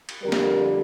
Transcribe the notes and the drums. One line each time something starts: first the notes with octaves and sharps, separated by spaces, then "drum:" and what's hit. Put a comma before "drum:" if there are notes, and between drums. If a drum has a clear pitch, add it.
drum: cymbal
F2 D3 G3 A#4
drum: snare